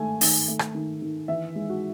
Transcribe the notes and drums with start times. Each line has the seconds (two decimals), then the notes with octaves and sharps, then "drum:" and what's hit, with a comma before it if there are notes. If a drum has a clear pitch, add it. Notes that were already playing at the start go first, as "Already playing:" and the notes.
Already playing: D#3 G#3 A3 G#5
0.21 D#3, drum: open hi-hat
0.48 A3
0.59 drum: rim click
0.74 D#3
1.02 D#3
1.28 E3 E5
1.55 G#3
1.69 F#4